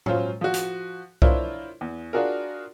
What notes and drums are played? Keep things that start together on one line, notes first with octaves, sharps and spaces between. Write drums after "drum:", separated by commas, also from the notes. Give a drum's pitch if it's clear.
F#3 C#4 F4 C5, drum: tom A2
F3 F#4
drum: hi-hat
D4 E4 F4 A#4 C5 C#5, drum: kick C2
E2
D4 F4 F#4 G#4 A#4